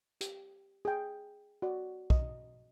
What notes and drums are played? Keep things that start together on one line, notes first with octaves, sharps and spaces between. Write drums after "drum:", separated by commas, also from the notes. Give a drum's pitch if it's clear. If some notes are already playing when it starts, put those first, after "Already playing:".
G4, drum: hi-hat
G#4 G5
F#4 D5
D#5, drum: kick